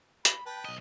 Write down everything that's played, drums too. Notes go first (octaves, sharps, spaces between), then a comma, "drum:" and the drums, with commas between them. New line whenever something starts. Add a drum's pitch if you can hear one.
B5, drum: hi-hat
B4 G5 A5
B1 D#5